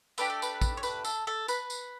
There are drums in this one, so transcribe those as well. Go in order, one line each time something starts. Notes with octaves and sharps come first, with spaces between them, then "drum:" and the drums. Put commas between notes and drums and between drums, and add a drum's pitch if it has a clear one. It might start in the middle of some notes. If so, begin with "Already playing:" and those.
A3 D4 G4 B4, drum: tambourine
A4
B4, drum: tambourine
drum: kick, tambourine
C#5
B4, drum: tambourine
A4, drum: tambourine
A4
B4, drum: tambourine
drum: tambourine